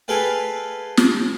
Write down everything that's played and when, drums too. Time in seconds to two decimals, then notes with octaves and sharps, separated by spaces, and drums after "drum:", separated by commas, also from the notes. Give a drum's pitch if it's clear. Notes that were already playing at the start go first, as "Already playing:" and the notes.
0.08 G#4 A4 B4 F5 G5
0.97 drum: snare